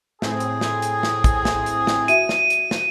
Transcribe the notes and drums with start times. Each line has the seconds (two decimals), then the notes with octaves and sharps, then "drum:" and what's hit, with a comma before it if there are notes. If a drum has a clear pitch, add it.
0.22 A2 C4 G#4, drum: snare
0.40 drum: hi-hat
0.61 drum: snare
0.82 drum: hi-hat
1.03 drum: snare
1.24 drum: kick, hi-hat
1.45 drum: snare
1.66 drum: hi-hat
1.87 drum: snare
2.08 F#4 E5 D#7, drum: hi-hat
2.29 drum: snare
2.50 drum: hi-hat
2.71 drum: snare